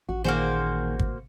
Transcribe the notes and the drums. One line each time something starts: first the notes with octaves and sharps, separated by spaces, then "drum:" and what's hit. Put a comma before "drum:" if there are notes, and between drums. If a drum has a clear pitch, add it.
A1 F#4
A#2 D#3 A#3 F#4 G#4 C5
drum: kick